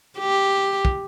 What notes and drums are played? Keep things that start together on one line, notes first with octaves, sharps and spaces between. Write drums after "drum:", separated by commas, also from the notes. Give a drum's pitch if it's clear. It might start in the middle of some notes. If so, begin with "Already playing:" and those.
G4
drum: kick